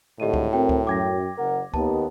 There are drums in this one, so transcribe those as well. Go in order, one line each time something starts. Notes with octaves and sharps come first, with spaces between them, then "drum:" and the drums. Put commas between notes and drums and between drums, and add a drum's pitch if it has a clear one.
G#1 A2 D3 G4 D#5 D#7
drum: kick C#2
C4 F#4 A#4 G5
drum: kick C#2
F#2 G5 D6 G#6 A#6
F#1 A#4 F#5
D#2 B3 A5, drum: kick C#2